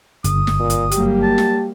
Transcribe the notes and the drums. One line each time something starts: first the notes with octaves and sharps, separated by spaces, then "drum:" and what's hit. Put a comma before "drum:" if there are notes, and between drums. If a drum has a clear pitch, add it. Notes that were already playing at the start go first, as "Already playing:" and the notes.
G1 D#6, drum: hi-hat
drum: snare
A#2
drum: hi-hat
F#3 G3 A#3 G4, drum: hi-hat
A5
drum: snare